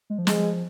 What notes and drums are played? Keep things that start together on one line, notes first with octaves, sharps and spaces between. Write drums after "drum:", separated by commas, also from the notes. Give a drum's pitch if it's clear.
G#3
F3
G#3, drum: snare